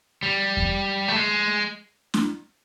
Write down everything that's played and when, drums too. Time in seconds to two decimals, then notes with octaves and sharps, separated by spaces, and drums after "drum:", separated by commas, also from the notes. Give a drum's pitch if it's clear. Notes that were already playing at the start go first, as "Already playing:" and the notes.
0.23 G3
0.57 drum: kick E2
1.08 A3
1.16 G#3
2.14 drum: snare